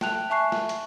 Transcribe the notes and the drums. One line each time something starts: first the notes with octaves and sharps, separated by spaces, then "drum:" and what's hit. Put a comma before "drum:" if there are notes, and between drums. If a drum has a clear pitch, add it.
G5 A5 F#6 F7, drum: snare
E5 G#5 A5 C#6 F#6 C7
drum: snare
drum: hi-hat